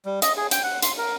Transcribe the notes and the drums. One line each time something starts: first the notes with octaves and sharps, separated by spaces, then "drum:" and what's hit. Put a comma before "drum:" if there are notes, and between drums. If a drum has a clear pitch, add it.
G3
D#5, drum: hi-hat
G#4
G5, drum: hi-hat
F#5
C6, drum: hi-hat
A#4